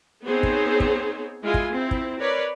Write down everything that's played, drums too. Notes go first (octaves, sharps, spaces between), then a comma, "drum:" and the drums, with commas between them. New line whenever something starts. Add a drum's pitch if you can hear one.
B3 C4 D#4 G#4 C5 C#5
drum: kick
drum: kick
G#3 E4 F4 G#4 G#5
drum: kick
C4 E4
drum: kick
A#4 B4 C#5 D5